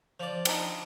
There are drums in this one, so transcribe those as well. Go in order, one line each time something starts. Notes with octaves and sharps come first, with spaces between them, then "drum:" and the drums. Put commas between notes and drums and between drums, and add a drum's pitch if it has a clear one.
F3 D5
C4 D4 D#4, drum: cymbal